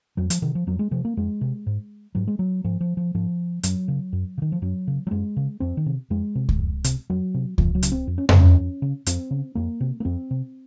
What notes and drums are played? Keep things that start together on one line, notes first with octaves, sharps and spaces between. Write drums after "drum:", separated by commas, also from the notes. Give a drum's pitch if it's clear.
F2 F#3
F3, drum: hi-hat
C3 D#3
F3
F2 F#3
G#3
C3 F3
A#3
F2 G#3
C3
G#2
G#2 F#3
G#3
F#3
G#2 F3
F3
F3
G#2 F3
F#2 F#3, drum: hi-hat
C#3
F#2
C#3
D#3
F3
F#2 F#3
C#3
F#3
F#2 G#3
C#3
F2 C4
D#3
C3
F2 G#3
C3
drum: kick C#2
F2
C3, drum: hi-hat
F2 F#3
C3
F2 F3, drum: kick C#2
F#3
C#3, drum: hi-hat
C4
F2
C#4
C#3 C4, drum: tom F2
C#4
F2
C#3
F2 C4, drum: hi-hat
C#3
F2 A#3
C3
A#3
F2 C4
C3